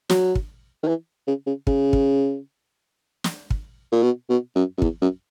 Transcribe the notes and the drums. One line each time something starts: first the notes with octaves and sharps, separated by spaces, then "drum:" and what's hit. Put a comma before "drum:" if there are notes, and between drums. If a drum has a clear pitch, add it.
F#3, drum: snare
drum: kick
D#3
E3
C#3
C#3
C#3, drum: kick
drum: kick
drum: snare
drum: kick
A#2
B2
B2
F#2
F#2
E2, drum: kick
F#2